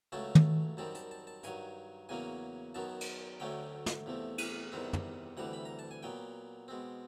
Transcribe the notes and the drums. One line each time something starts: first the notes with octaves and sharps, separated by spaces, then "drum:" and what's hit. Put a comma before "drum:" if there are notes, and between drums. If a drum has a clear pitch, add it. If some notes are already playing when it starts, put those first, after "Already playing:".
C#2 C#3 F#3 A3 C#4 A5
drum: tom
F#2 D#3 G3 C4 A5
A5, drum: hi-hat
A5
A5
G2 D#3 F#3 G#5, drum: hi-hat
E2 C#3 F#3 A#3 C#4 G#5
F#2 D#3 F#3 B3 A5
drum: cymbal
D2 D3 F#3 A3 C#4 G5
drum: snare
E2 C3 F3 A3
drum: cymbal
E2 C3 D#3 G3 C4
drum: tom
D2 C3 E3 G3 F#5
B5
A#5
A5
G#5
A#2 F#3 B3 G5
B2 G#3 C4